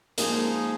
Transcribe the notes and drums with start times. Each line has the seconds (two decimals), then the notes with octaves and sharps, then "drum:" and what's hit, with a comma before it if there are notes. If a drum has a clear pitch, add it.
0.18 F3 G#3 A#3 D#4 G#4, drum: hi-hat